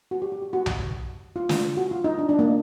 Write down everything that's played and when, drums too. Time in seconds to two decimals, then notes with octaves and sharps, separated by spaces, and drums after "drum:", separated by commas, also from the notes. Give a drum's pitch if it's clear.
0.11 F#4
0.22 G4
0.32 G4
0.42 G4
0.53 F#4
0.66 drum: tom B1
1.36 F4
1.49 F4, drum: snare
1.77 F#4
1.91 F4
2.04 D#4
2.18 D4
2.29 D4
2.39 A#3